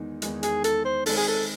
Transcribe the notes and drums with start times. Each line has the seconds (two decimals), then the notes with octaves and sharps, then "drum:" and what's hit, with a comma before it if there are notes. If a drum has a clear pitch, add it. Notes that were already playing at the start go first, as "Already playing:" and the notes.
Already playing: E2 D#3 G#3 D#4
0.22 E2 D#3 G#3 D#4, drum: hi-hat
0.43 G#4, drum: hi-hat
0.64 A4, drum: hi-hat
0.85 C5
1.06 D#3 G#3 C4 A4, drum: open hi-hat
1.17 G#4
1.28 A4